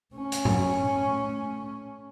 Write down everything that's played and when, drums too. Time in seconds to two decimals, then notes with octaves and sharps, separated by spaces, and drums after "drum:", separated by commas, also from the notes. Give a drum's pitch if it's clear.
0.14 A3 C#4
0.32 drum: hi-hat
0.45 drum: tom A2